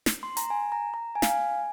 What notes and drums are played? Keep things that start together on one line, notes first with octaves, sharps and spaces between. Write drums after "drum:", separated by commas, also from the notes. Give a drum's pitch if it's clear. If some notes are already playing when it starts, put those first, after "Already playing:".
drum: snare
C6
A#5, drum: hi-hat
G#5
A#5
A#5
G#5
F5, drum: snare
G#5